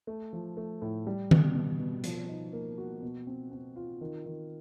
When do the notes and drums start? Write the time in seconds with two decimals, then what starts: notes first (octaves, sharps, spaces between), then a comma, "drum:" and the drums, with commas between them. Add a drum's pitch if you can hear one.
0.07 A3
0.33 F3
0.57 A3
0.82 A2
1.07 G3
1.31 B2, drum: tom D#3
1.55 B2
1.79 B2
2.04 F3, drum: hi-hat
2.29 D#4
2.53 A#3
2.78 F#4
3.02 B2
3.27 C4
3.52 C4
3.76 F4
4.01 D#3
4.26 D#3